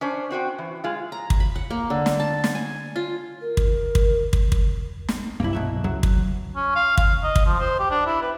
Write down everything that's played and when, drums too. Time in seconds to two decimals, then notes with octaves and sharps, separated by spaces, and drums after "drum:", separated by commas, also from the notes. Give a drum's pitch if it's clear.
0.01 C#4 D4 C5
0.31 C4 F#4 C5 G5
0.59 E3
0.84 G#3 F4
1.12 A#5
1.30 drum: kick
1.40 B5
1.56 F#5
1.70 A#3
1.90 D3
2.06 drum: snare
2.20 A5
2.44 drum: snare
2.55 G#5
2.96 F4
3.41 A#4
3.57 drum: kick
3.95 drum: kick
4.33 drum: kick
4.52 drum: kick
5.09 drum: snare
5.40 C2 G2 A#3 E4
5.53 B2 F#3 E5
5.84 C#2 F#3
6.03 drum: kick
6.55 C#4
6.75 F5
6.97 F5, drum: kick
7.23 D#5
7.36 drum: kick
7.46 F3
7.60 C5
7.79 G4
7.90 D4
8.06 E4
8.22 B4